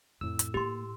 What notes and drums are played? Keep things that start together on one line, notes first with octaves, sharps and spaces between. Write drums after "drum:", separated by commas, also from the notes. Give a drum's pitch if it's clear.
F2 A2 E6
drum: hi-hat
A#3 G4 C6